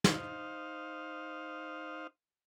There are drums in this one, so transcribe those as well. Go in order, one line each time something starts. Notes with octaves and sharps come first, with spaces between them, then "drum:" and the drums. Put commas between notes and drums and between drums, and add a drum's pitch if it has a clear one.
D#4 C5 F5, drum: snare